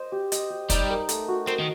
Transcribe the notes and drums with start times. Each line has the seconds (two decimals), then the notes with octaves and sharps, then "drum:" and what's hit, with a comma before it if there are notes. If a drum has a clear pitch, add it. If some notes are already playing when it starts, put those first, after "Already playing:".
Already playing: C5 D#5
0.12 G4
0.32 D#5, drum: hi-hat
0.50 G4
0.70 G3 D#4, drum: kick, hi-hat
0.90 A#4
1.09 A3, drum: hi-hat
1.28 F#4
1.47 C4 A#4, drum: snare
1.59 D#3